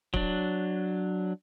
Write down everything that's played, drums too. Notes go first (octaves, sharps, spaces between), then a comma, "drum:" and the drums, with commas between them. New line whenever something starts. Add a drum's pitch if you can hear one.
F#3 D4, drum: kick